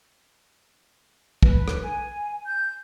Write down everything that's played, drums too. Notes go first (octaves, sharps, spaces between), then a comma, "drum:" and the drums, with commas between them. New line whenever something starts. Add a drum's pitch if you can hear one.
B4, drum: kick
drum: rim click
G#5
G6